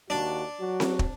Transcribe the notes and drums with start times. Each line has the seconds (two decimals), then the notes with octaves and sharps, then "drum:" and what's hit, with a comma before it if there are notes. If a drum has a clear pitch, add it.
0.10 D#2 D4 F#4
0.60 F#3 F#4
0.80 drum: snare C4
0.99 drum: kick